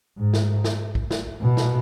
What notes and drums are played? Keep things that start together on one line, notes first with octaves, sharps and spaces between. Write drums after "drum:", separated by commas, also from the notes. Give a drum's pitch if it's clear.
G#2
drum: snare
drum: snare
drum: kick
drum: snare
B2
drum: snare